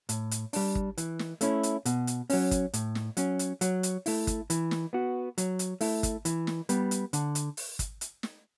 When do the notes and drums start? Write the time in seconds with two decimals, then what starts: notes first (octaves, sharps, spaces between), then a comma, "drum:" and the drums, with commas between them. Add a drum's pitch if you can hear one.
0.09 A2, drum: hi-hat
0.31 drum: hi-hat
0.53 G3 D4, drum: open hi-hat
0.75 drum: kick
0.98 E3, drum: hi-hat
1.19 drum: snare
1.41 A3 C#4 E4, drum: hi-hat
1.63 drum: hi-hat
1.85 B2, drum: hi-hat
2.07 drum: hi-hat
2.30 F#3 C#4, drum: open hi-hat
2.51 drum: kick, hi-hat
2.73 A2, drum: hi-hat
2.95 drum: snare
3.17 F#3 C#4, drum: hi-hat
3.39 drum: hi-hat
3.61 F#3, drum: hi-hat
3.83 drum: hi-hat
4.06 A3 E4, drum: open hi-hat
4.27 drum: kick, hi-hat
4.50 E3, drum: hi-hat
4.71 drum: snare
4.93 B3 F#4
5.38 F#3, drum: hi-hat
5.59 drum: hi-hat
5.81 A3 E4, drum: open hi-hat
6.03 drum: kick, hi-hat
6.25 E3, drum: hi-hat
6.47 drum: snare
6.69 G3 B3, drum: hi-hat
6.91 drum: hi-hat
7.13 D3, drum: hi-hat
7.35 drum: hi-hat
7.57 drum: open hi-hat
7.79 drum: kick, hi-hat
8.01 drum: hi-hat
8.23 drum: snare